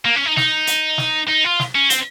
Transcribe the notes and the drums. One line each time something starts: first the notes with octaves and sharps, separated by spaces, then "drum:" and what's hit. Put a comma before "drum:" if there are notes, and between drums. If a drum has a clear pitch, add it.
A#3
C#4
D#4
D#4, drum: snare
drum: hi-hat
drum: snare
D#4
F4
drum: snare
C#4
C4, drum: hi-hat